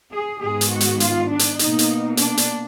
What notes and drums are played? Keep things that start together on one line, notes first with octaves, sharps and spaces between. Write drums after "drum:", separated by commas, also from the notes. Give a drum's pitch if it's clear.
G#4
G#2 D#3 G#3 B3 G#4
drum: hi-hat
F#4
drum: hi-hat
F4, drum: hi-hat
D4
drum: hi-hat
B2 A#3 D#4, drum: hi-hat
drum: hi-hat
D4, drum: hi-hat
drum: hi-hat